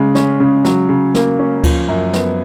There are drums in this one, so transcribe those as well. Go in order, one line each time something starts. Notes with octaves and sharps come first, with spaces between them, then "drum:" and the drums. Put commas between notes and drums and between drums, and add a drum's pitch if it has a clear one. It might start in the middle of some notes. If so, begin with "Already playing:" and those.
Already playing: C#3 G#3
C#4, drum: snare
C#3
F#3, drum: snare
C#3
A#3, drum: snare
C#4
F3, drum: kick D2, cymbal
F#2
B3, drum: snare